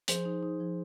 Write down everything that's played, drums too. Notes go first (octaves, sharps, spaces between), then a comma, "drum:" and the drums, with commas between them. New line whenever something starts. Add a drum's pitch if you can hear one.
F3 G#4 C5, drum: hi-hat
D#4
D#4
F3